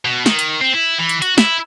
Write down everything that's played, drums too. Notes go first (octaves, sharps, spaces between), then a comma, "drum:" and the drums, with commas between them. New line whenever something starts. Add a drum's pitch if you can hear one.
B2
D#3, drum: snare
drum: hi-hat
C4
E4
E3
drum: hi-hat
F#4, drum: hi-hat
E4, drum: snare